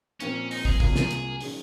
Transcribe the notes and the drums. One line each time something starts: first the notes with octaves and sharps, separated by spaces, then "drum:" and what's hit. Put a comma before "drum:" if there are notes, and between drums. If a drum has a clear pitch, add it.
A#2 F3 C4 C#4 F4 A#4, drum: hi-hat
D#4, drum: open hi-hat
G#4, drum: kick
C2 C3 F#3 A#3 F4 G#4, drum: kick
drum: snare
drum: hi-hat
D#3 F#3 C#4 G#4, drum: open hi-hat